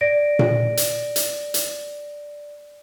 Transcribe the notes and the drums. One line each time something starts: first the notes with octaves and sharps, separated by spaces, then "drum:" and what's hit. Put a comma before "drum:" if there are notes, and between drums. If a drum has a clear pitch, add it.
D5 A#6 D7
drum: tom A#2
drum: hi-hat
drum: hi-hat
drum: hi-hat